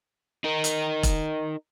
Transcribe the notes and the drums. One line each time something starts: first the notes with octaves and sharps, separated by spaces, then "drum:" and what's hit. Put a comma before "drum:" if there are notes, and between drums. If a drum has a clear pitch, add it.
D#4 A#4
drum: hi-hat
drum: kick E1, hi-hat